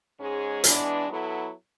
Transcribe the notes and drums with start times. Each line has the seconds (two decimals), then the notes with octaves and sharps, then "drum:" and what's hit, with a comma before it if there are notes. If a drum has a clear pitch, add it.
0.20 G#2 G#3 C#4 G#4
0.64 E3 G#3 B3 D4, drum: hi-hat
1.07 F#3 B3 E4 A4